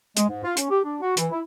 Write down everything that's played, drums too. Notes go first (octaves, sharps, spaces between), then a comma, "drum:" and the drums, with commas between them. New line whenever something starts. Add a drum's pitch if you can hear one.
G#3, drum: hi-hat
G#2
F4
C#4, drum: hi-hat
G4
D4
F#4
E3, drum: hi-hat
E4